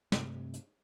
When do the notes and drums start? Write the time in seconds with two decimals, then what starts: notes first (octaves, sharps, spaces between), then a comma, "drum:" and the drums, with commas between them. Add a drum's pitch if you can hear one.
0.12 G2 C3 A3 C4, drum: snare
0.54 drum: hi-hat